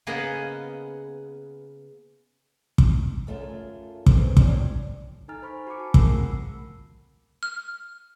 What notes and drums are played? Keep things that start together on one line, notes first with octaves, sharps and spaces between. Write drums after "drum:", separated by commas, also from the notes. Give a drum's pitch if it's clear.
C#3 A#3 B3 G#4 D#5 F#5
drum: kick
F#2 A3 F4 G#4
B3 C4 G#4, drum: kick
D3 F3 C#4 D4 G4 C5, drum: kick
D#4 A4 G#5 A#5 F6 A6
C5 B5 C#6
F#4 G#5 B5 D6 C#7
A5
A3 F4 G#4 A#4 E6 C7, drum: kick
C4 B5
F6